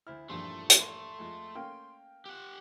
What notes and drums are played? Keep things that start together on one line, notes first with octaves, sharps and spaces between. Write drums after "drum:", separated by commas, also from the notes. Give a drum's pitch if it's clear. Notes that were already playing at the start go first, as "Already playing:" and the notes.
D2 E4 C5 F6
B1 E2 G2 A#2 F3 A3 C6
drum: hi-hat
C6
F2 G#3 F4
A3 A#3 C#4 F5 G5 F6
G4 F#5